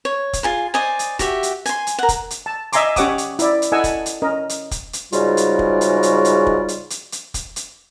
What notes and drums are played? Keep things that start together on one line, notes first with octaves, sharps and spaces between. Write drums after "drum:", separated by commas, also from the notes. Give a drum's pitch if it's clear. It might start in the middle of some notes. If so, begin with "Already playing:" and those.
C#5
drum: kick, hi-hat
F4 G#4 C6
C5 D5 D#5 G#5
drum: hi-hat
F#4 G4 E5, drum: kick, hi-hat
drum: hi-hat
G#5 C6, drum: hi-hat
drum: hi-hat
A#4 F#5
drum: kick, hi-hat
drum: hi-hat
A5
D#5 E5 G#5 A#5 C6 D6, drum: hi-hat
C#4 G4 C#5 F#5 D6 D#6, drum: kick, hi-hat
drum: hi-hat
E4 D5, drum: hi-hat
drum: hi-hat
E4 A4 D#5 F#5 G#5 E6
drum: kick, hi-hat
drum: hi-hat
C#4 A#4 D#5
drum: hi-hat
drum: kick, hi-hat
drum: hi-hat
G#2 C#3 G3 F4 F#4, drum: hi-hat
drum: hi-hat
drum: kick
drum: hi-hat
drum: hi-hat
drum: hi-hat
drum: kick
drum: hi-hat
drum: hi-hat
drum: hi-hat
drum: kick, hi-hat
drum: hi-hat